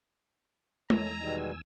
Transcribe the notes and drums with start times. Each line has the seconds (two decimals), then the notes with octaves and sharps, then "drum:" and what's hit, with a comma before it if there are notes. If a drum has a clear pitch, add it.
0.90 E2 D#3 A3 C#5 G#5 A#5 E6, drum: tom
1.20 B2 D#3 G3 G#3 D#4